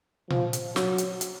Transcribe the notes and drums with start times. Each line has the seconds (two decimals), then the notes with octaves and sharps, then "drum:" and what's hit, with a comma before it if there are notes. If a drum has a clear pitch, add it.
0.30 F3, drum: tom A#2
0.53 drum: hi-hat
0.76 F#3, drum: snare
0.98 drum: hi-hat
1.21 drum: hi-hat